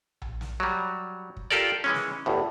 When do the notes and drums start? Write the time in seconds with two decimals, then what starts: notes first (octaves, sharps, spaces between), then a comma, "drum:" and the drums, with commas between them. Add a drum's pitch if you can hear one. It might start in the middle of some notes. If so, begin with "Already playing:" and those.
0.22 drum: tom A#1
0.41 drum: snare
0.60 F#3 G3
1.37 drum: kick
1.50 F4 G4 A4 A#4 D5
1.84 E3 G#3 C#4
1.94 drum: snare
2.26 G1 D2 A2